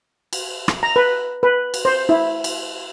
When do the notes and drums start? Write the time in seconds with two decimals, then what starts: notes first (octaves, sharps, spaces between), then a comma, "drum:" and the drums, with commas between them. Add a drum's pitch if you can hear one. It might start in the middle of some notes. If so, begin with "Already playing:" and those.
0.33 drum: cymbal
0.68 drum: rim click
0.83 A#5
0.96 B4
1.43 B4
1.74 drum: cymbal
1.85 C5
2.09 E4
2.44 drum: cymbal